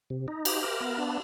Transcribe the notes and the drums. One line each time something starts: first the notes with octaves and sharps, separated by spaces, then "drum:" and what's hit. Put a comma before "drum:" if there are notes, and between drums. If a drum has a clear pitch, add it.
C3
D#4
G4, drum: cymbal
A#4
B3
D4